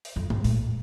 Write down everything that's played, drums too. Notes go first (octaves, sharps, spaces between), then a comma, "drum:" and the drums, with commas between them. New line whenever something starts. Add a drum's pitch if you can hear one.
drum: open hi-hat
F2
G#2, drum: tom G#3
A2, drum: open hi-hat